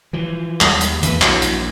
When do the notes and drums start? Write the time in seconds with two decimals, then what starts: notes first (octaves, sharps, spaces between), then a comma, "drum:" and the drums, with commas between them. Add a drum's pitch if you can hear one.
0.13 E3 F3
0.61 D#2 G3 G#3, drum: clap
0.81 drum: hi-hat
1.03 G#1 E2 E3 G#3 A#3 B4, drum: hi-hat
1.22 A#1 G2 E4 F#4, drum: clap
1.42 drum: hi-hat